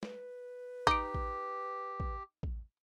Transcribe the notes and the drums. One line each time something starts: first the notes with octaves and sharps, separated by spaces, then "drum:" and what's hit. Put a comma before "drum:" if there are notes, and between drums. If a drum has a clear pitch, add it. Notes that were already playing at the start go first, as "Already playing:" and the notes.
B4, drum: snare
D#4 G4 D6 D7, drum: kick A1
drum: kick A1
drum: kick A1
drum: kick A1